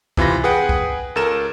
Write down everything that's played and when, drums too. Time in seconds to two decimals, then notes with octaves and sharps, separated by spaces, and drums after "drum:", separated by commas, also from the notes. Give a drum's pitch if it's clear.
0.17 C3 E3 F4 B5 A#6, drum: kick
0.44 G#4 B4 F#5 G5
0.69 drum: kick
1.16 C#2 A4 A#4 E7